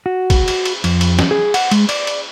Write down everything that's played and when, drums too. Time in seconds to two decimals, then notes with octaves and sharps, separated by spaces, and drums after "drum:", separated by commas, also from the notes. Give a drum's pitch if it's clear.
0.06 F#4
0.30 drum: kick, cymbal
0.48 drum: cymbal
0.65 drum: cymbal
0.84 F2, drum: cymbal
1.01 drum: cymbal
1.19 drum: snare
1.31 G#4
1.54 F#5, drum: cymbal
1.71 G#3, drum: cymbal
1.89 D5, drum: cymbal
2.07 drum: cymbal